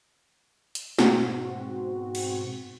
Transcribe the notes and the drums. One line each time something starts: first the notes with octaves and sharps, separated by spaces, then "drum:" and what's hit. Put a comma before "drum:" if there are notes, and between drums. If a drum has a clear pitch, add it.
drum: hi-hat
G#2 B2 C4 F#4, drum: snare
drum: cymbal